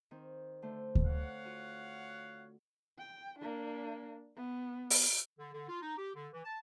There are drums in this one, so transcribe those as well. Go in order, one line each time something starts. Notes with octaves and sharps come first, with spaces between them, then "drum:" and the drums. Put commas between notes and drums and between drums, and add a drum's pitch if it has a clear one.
D#3 C4
D3 A3 C5
drum: kick D2
C#5 F5 F#5
F4 F#4
G5
A#3 D4
B3
drum: open hi-hat
D3
D3
F4
D#4
G4
D3
E3
A5